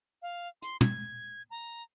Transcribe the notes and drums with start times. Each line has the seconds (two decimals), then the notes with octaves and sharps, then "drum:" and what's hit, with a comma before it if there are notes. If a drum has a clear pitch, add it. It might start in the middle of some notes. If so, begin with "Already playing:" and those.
0.22 F5
0.62 C6, drum: hi-hat
0.81 G#6, drum: tom
1.51 A#5